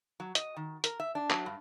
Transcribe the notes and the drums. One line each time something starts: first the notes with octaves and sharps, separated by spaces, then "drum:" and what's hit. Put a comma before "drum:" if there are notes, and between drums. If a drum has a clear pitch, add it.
F#3
D#5, drum: hi-hat
D#3
A#4, drum: hi-hat
E5
D4
F#3, drum: clap
G2